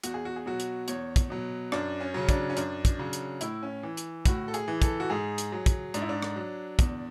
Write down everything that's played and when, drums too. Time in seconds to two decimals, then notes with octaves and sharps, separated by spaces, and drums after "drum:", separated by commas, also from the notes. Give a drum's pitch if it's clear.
0.03 E2 F#4, drum: hi-hat
0.14 G#4
0.25 F#4
0.36 G#4
0.46 B2 F#3 F#4
0.60 drum: hi-hat
0.88 E2 C#5, drum: hi-hat
1.16 drum: kick, hi-hat
1.30 B2 F#3
1.72 F#2 D4, drum: rim click
2.01 C#4
2.14 C#3 F#3
2.29 D4, drum: kick, hi-hat
2.50 C#4
2.57 F#2 D4, drum: hi-hat
2.85 drum: kick, hi-hat
2.99 C#3 F#3
3.13 drum: hi-hat
3.41 A2 E4, drum: hi-hat
3.63 C#4
3.83 E3
3.97 drum: hi-hat
4.26 A2 F#4, drum: kick, hi-hat
4.48 A4
4.54 G#4, drum: hi-hat
4.68 E3
4.82 A4, drum: kick, hi-hat
5.00 F#4
5.10 G#2 G#4
5.38 drum: hi-hat
5.52 F#3
5.66 drum: kick, hi-hat
5.94 G#2 D4, drum: hi-hat
6.02 E4
6.09 D4
6.22 drum: rim click
6.36 F#3
6.79 E2, drum: kick, hi-hat